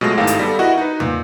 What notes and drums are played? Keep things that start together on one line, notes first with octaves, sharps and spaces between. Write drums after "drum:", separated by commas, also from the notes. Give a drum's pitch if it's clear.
B2 F#3 G#3 A3 F4 A#6
G#1 A2 D#4 G4 A4 F5
drum: hi-hat
G3 B3 A4
E4 F#4 A#4 D#5 F#5
D#4 B4
A#2, drum: tom